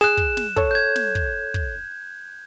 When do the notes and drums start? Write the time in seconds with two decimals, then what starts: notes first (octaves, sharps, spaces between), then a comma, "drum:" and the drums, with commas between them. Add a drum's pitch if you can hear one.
0.01 G#4 F#6 E7
0.17 drum: kick
0.37 drum: snare
0.56 A4 C#5, drum: kick
0.71 G6 G#6
0.96 drum: snare
1.15 drum: kick
1.54 drum: kick